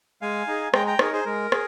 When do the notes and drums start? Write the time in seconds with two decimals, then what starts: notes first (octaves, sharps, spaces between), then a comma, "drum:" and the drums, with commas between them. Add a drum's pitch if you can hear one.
0.21 G#3 F5 G#5
0.47 D#4 G#4
0.74 G#3 G5 A#5, drum: rim click
0.86 G5 A#5
0.99 D#4 G#4 A#4 C#5, drum: rim click
1.13 G#4 C5
1.26 G#3 A#4
1.52 G#4, drum: rim click